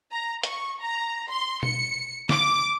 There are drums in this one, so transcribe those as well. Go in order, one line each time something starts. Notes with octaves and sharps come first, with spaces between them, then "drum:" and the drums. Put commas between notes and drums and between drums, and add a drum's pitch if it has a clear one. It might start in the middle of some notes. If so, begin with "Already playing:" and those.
A#5
C#6, drum: hi-hat
A#5
C6
C#7, drum: tom B2
D6, drum: snare